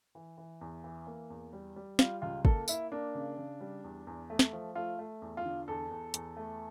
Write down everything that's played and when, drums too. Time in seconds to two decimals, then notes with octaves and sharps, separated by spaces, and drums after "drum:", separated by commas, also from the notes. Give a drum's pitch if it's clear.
0.15 E3
0.38 E3
0.61 E2
0.84 E3
1.07 A#3
1.30 E2
1.53 G3
1.76 G3
1.99 G3 F4, drum: snare
2.22 C#2 F4
2.45 A#3 A4, drum: kick
2.68 A#3 E4, drum: tambourine
2.92 A#3 D4
3.15 C#3
3.38 C#3
3.61 G3
3.84 E2
4.07 E2
4.30 A3
4.39 drum: snare
4.53 F3
4.75 A3 F4
4.99 A3
5.22 E2
5.37 F4
5.45 D3
5.68 E2 A4
5.91 E2
6.14 E2, drum: hi-hat
6.37 A3